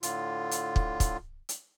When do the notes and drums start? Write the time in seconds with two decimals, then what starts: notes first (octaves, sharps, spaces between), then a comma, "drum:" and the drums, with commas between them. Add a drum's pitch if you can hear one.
0.03 A2 D3 F4, drum: hi-hat
0.51 drum: hi-hat
0.76 drum: kick
1.00 drum: kick, hi-hat
1.49 drum: hi-hat